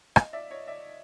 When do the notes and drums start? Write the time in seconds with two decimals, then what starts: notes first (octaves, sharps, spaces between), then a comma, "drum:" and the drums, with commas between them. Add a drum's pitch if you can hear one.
0.16 D#5 F5, drum: rim click
0.33 D5 E5
0.50 C#5 D#5
0.67 D5 E5